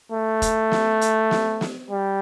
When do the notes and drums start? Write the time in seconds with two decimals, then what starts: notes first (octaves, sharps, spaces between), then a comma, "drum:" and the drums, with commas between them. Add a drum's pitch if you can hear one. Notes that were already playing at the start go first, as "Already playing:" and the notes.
0.12 A3
0.42 drum: kick F1, hi-hat
0.72 drum: snare
1.01 drum: hi-hat
1.31 drum: snare
1.61 drum: snare
1.91 G3